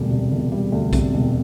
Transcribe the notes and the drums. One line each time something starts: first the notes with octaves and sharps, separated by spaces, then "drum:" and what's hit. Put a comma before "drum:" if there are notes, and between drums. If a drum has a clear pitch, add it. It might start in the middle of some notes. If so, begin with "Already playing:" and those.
Already playing: E1 D2 C3 G3
C3
E1
G3
D2
C3, drum: kick B1, hi-hat
E1